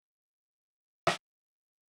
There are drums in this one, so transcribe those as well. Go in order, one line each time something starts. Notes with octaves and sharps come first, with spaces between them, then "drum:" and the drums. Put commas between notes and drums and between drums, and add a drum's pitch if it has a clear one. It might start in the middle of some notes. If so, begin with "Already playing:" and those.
B4
G4
drum: rim click
E5
D5